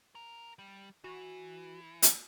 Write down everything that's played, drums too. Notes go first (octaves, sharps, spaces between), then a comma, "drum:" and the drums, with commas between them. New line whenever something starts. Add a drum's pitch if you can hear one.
A#4
G3
E3 F#4
drum: hi-hat